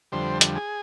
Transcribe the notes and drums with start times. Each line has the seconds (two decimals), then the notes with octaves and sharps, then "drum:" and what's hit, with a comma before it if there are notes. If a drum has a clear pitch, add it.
0.12 F2 D3 G3 C5
0.41 drum: hi-hat
0.56 G#4